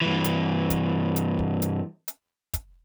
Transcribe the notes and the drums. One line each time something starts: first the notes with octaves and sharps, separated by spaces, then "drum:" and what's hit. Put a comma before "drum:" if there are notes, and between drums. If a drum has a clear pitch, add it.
G2 E3
drum: hi-hat
drum: kick, hi-hat
drum: hi-hat
drum: kick
drum: hi-hat
drum: hi-hat
drum: kick, hi-hat